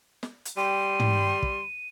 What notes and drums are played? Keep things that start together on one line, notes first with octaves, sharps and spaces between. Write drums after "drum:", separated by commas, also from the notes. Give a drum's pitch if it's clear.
drum: snare
drum: hi-hat
G3 G5 C6 D#7
drum: tom
drum: kick